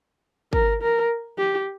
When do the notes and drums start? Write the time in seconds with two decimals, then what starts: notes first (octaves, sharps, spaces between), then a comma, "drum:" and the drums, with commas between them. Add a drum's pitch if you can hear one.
0.53 A#4, drum: kick
0.82 A#4
1.38 G4